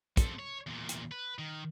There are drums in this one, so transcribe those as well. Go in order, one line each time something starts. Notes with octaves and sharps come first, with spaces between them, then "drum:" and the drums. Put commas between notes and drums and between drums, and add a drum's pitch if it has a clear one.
C4 A4, drum: kick, hi-hat
C#5
E2 A#2
drum: hi-hat
B4
D#3